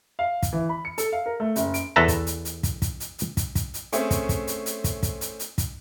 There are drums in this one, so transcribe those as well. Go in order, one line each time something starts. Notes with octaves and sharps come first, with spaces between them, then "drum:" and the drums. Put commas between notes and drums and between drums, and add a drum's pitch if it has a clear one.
F5
drum: kick, hi-hat
E3
B5
C#7
A4, drum: hi-hat
F5
A#4
A3
F#1, drum: hi-hat
D7, drum: hi-hat
E2 A4 B4 E5 A5 A#5
drum: kick, hi-hat
drum: hi-hat
drum: hi-hat
drum: kick, hi-hat
drum: kick, hi-hat
drum: hi-hat
drum: hi-hat
drum: kick, hi-hat
drum: kick, hi-hat
drum: hi-hat
A3 C4 C#4 G#4 E5, drum: hi-hat
drum: kick, hi-hat
drum: kick, hi-hat
drum: hi-hat
drum: hi-hat
drum: kick, hi-hat
drum: kick, hi-hat
drum: hi-hat
drum: hi-hat
drum: kick, hi-hat